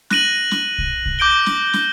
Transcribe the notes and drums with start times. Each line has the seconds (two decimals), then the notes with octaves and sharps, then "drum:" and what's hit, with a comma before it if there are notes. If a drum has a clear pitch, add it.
0.10 F#6 A#6 D#7 F#7, drum: snare
0.51 drum: snare
0.78 drum: kick
1.06 drum: kick
1.19 D6 G6 D7 G7
1.46 drum: snare
1.74 drum: snare